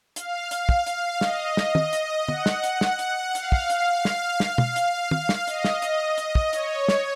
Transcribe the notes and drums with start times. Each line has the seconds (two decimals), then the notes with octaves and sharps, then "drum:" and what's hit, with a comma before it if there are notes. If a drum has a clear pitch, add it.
0.16 F5, drum: hi-hat
0.51 drum: hi-hat
0.69 drum: kick
0.86 drum: hi-hat
1.21 D#5, drum: snare
1.57 drum: snare
1.75 drum: tom
1.93 drum: hi-hat
2.28 F#5, drum: tom
2.46 drum: snare
2.64 drum: hi-hat
2.81 drum: snare
2.99 drum: hi-hat
3.35 F5, drum: hi-hat
3.52 drum: kick
3.70 drum: hi-hat
4.05 drum: snare
4.40 F5, drum: snare
4.58 drum: tom
4.76 drum: hi-hat
5.11 drum: tom
5.29 drum: snare
5.47 D#5, drum: hi-hat
5.65 drum: snare
5.82 drum: hi-hat
6.00 D#5
6.18 drum: hi-hat
6.35 drum: kick
6.53 C#5, drum: hi-hat
6.88 drum: snare